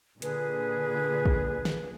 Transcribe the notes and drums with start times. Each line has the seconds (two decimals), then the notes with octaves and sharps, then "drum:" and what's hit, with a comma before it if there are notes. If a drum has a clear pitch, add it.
0.22 A#2 D3 G#4 B4, drum: hi-hat
1.26 drum: kick
1.65 drum: snare